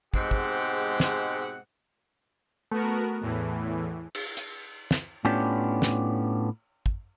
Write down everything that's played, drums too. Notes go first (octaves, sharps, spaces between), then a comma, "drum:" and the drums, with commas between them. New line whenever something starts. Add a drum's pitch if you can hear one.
G#2 B2 G#3 C4 G4 F#5, drum: kick
drum: kick
drum: snare
A3 B3 F#4 A#4
E2 A2 E3
drum: cymbal
drum: hi-hat
drum: snare
A2 B3 C#4 D4 F4 G4
drum: snare
drum: kick